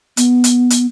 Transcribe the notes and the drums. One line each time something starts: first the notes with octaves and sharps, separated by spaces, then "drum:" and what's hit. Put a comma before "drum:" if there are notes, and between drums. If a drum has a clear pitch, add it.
B3, drum: hi-hat
drum: hi-hat
drum: hi-hat